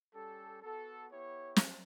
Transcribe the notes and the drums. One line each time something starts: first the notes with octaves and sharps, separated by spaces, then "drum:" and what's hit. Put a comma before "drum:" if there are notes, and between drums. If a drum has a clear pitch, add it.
G3 C#4 G4 A4
B3 F#4 A4
B3 E4 G4 C#5
drum: snare